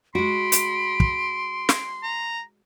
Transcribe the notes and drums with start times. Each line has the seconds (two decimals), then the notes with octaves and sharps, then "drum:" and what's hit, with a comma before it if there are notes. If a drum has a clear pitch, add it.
0.15 G#3 F#4 B5 C6 D7
0.52 drum: hi-hat
1.00 drum: kick
1.69 drum: snare
2.03 A#5